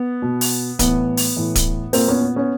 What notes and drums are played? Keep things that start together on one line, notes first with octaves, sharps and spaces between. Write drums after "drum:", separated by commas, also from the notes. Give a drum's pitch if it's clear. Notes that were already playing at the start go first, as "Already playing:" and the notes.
Already playing: B3
B2
drum: open hi-hat
A2 E3 B3, drum: kick D1, hi-hat
drum: open hi-hat
A2 E3
drum: kick D1, hi-hat
A#2 A#3 C4, drum: open hi-hat
B3 C#4
B3
B3 C#4